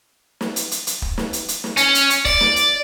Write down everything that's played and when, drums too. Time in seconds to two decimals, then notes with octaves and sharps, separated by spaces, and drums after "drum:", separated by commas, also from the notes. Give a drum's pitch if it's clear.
0.41 drum: snare
0.56 drum: hi-hat
0.71 drum: hi-hat
0.87 drum: hi-hat
1.02 drum: kick
1.18 drum: snare
1.33 drum: hi-hat
1.48 drum: hi-hat
1.64 drum: snare
1.77 C#4, drum: hi-hat
1.95 drum: hi-hat
2.10 drum: hi-hat
2.25 D5, drum: kick, open hi-hat
2.41 drum: snare
2.56 drum: hi-hat